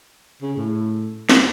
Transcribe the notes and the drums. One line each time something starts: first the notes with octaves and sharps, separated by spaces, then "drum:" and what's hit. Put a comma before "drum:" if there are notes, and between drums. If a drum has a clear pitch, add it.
C#3
A2
drum: snare